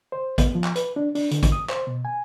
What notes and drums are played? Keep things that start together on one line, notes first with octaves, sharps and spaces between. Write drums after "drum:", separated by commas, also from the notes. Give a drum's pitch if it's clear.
C5
B3, drum: kick, hi-hat
F3
drum: clap
B4, drum: hi-hat
D4
D4, drum: open hi-hat
D3, drum: hi-hat
drum: kick, hi-hat
D#6
C5, drum: clap
B2
G#5